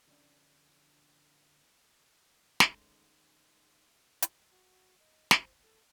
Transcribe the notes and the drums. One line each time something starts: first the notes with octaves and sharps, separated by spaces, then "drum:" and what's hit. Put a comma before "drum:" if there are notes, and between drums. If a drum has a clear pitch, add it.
D3 F3 C#4 D4
D#3 G#3 A3 C#4, drum: snare
drum: hi-hat
F#4
D#5
C5, drum: snare
A4